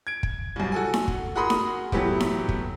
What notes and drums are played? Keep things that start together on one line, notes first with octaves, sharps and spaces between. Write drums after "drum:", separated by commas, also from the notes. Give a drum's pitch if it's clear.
G#6 D7
drum: kick
C2 F#2
F#4 A4 G#5
drum: snare D#4
drum: kick
F#4 G#4 A#4 B5 C6 D#6
drum: snare D#4
A2 E3 F#3 A3 B3 G4, drum: kick
drum: snare D#4
drum: kick